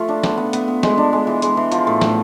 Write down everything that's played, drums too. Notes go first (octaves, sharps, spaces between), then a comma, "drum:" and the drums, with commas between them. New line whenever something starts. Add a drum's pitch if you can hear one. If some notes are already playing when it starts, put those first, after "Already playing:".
Already playing: F3 A3 F4
D4
B3, drum: snare
B3
B3, drum: hi-hat
B3
G#3, drum: snare
D4
G#3
E3
G#3, drum: hi-hat
E3
F3, drum: hi-hat
A2
A2, drum: snare